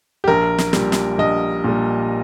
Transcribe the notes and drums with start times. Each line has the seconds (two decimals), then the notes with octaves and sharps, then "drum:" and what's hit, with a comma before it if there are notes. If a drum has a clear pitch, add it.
0.24 G4
0.28 A#1 A#4
0.58 drum: snare
0.73 A#2 G3, drum: snare
0.92 drum: snare
1.18 A#1 D#5
1.64 A#2 G3